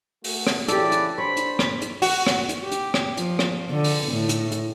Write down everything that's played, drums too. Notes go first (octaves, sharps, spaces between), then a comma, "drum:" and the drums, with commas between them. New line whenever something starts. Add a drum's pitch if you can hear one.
A3 F#4, drum: open hi-hat
drum: rim click
C#3 E3 G4 A4 D5, drum: hi-hat
drum: hi-hat
D4 C5 C#5 B5
drum: hi-hat
drum: rim click
drum: hi-hat
F#4, drum: open hi-hat
drum: rim click
drum: hi-hat
G4
drum: hi-hat
drum: rim click
F3, drum: hi-hat
drum: rim click
D3
drum: open hi-hat
A2
drum: hi-hat
drum: hi-hat